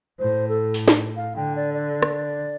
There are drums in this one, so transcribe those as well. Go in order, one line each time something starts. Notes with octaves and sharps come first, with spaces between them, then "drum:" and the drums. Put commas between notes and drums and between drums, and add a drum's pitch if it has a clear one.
A2 C5
A4
drum: open hi-hat
drum: snare
F5
D3 G5
D5
D5
drum: rim click